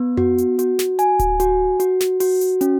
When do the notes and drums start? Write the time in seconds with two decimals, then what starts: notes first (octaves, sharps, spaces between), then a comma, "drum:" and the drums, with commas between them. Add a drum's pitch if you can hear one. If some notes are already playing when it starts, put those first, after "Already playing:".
Already playing: B3 B4
0.17 F#4, drum: tom F2
0.38 drum: hi-hat
0.59 F#4, drum: hi-hat
0.79 drum: snare
0.99 G#5, drum: hi-hat
1.19 drum: kick D1, hi-hat
1.40 F#4, drum: hi-hat
1.80 F#4, drum: hi-hat
2.01 drum: snare
2.20 F#4, drum: open hi-hat
2.41 drum: hi-hat
2.61 C#4, drum: hi-hat